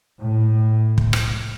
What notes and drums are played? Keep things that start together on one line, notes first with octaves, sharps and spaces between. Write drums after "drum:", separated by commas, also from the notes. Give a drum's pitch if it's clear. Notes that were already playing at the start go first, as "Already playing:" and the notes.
A2
drum: kick
drum: rim click